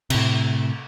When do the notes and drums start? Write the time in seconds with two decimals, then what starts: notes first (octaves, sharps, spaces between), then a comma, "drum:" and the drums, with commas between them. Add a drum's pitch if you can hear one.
0.10 A2 C3, drum: cymbal